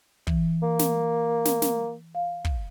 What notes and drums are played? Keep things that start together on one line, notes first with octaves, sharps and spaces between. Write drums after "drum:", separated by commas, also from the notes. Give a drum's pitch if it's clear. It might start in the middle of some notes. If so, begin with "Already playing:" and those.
E3, drum: kick
A#3
drum: snare
drum: snare
drum: snare
F5
drum: kick